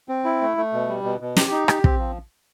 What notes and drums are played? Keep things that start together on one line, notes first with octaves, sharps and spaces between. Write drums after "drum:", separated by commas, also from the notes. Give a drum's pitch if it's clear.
C4
E4
A3
A3
B2
G3
B2
B2
G4, drum: snare
D#4
G4, drum: rim click
C4, drum: kick
F3